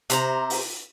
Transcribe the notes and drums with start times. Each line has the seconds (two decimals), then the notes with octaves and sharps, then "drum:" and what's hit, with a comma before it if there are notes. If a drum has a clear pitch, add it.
0.10 C3 C5 A#5, drum: hi-hat
0.50 drum: open hi-hat